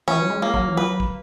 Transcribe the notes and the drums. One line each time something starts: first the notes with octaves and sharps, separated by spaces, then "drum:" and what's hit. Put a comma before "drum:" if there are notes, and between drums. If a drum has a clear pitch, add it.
E3 C#4
F#3
G#3
A#3
F#3, drum: kick
E3
F#3 B4
drum: kick